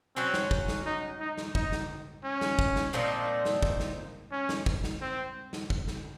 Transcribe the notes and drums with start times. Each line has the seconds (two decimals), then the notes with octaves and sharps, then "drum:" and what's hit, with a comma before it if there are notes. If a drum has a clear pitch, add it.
0.16 F#3 C4 C#4 F#4
0.34 drum: snare
0.51 drum: kick
0.68 drum: snare
0.86 D#4
1.20 D#4
1.38 drum: snare
1.55 D#4, drum: kick
1.72 drum: snare
2.24 C#4
2.41 drum: snare
2.59 drum: kick
2.76 drum: snare
2.93 A#2 F3 C4 D#4
3.45 drum: snare
3.63 drum: kick
3.80 drum: snare
4.32 C#4
4.49 drum: snare
4.66 drum: kick
4.84 drum: snare
5.01 C4
5.53 drum: snare
5.70 drum: kick
5.88 drum: snare